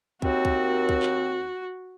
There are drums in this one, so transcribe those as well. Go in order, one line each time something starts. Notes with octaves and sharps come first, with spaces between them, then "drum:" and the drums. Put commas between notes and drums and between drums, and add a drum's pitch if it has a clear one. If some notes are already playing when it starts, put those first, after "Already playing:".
D#2 C4 F#4, drum: kick
drum: kick
drum: kick
drum: clap